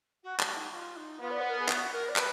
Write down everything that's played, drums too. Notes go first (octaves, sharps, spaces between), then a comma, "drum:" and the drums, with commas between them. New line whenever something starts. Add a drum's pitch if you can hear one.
F#4
F#4, drum: clap
D#4
F4
D#4
B3 F4
D5
B4
A#4
G#4
F#4, drum: clap
A#4
D5
B4, drum: clap